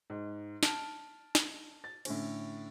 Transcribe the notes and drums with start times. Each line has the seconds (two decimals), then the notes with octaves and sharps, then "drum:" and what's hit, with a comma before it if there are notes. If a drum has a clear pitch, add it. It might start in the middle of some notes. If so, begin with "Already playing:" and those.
0.10 G#2
0.63 A5 F6 D7, drum: snare
1.35 drum: snare
1.84 A6
2.05 A2 D3 C#4, drum: cymbal